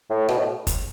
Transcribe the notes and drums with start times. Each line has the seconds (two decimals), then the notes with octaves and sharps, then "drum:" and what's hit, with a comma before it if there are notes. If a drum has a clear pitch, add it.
0.10 A2
0.29 B2, drum: rim click
0.39 A2
0.67 drum: kick, hi-hat